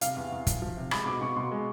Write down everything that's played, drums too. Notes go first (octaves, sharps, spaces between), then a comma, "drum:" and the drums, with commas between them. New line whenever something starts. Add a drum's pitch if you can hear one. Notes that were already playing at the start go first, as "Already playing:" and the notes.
C3 F5, drum: hi-hat
E2
E2
F3, drum: kick, hi-hat
F3
C3
G#3 B5, drum: rim click
B2 D6
B2 C#6
B2 C6
G#3